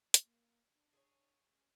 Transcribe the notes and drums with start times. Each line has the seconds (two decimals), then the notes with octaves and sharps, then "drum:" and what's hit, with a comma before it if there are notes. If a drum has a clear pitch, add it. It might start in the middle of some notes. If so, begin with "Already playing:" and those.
0.14 drum: hi-hat
0.23 A#3
0.72 D4
0.93 G#4 C5 C#5
1.51 C#4